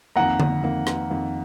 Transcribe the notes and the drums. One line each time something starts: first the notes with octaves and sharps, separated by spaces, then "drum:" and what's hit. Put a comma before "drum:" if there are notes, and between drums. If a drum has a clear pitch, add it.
F2 D#3 A#3 F#5 A#5
drum: tom D3
F2 D#3 A#3
drum: rim click
F2 D#3 A#3